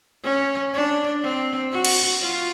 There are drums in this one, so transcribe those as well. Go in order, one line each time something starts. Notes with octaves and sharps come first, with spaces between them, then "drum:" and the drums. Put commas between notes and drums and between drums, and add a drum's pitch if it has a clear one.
C#4
D4
C4
F#4
drum: cymbal
F4